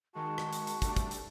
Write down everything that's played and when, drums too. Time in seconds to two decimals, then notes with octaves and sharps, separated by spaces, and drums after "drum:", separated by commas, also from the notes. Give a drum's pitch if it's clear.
0.15 D#3 G#3 F#4 A5
0.38 drum: rim click
0.53 drum: hi-hat
0.67 drum: hi-hat
0.82 G3 A3 D4, drum: kick, hi-hat
0.96 drum: kick, hi-hat
1.11 drum: hi-hat